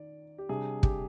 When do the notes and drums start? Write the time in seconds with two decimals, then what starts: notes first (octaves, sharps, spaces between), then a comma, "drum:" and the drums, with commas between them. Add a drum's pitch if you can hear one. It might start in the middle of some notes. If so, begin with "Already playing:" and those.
Already playing: D#3 D5
0.38 G4
0.49 C3 G3 D4 G#4
0.83 G4, drum: kick